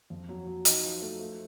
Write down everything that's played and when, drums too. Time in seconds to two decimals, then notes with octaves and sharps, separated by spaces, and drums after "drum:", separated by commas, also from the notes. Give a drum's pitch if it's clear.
0.10 F2
0.29 F#3
0.47 F#3
0.65 D#4, drum: hi-hat
0.84 F3
1.02 A3
1.20 A3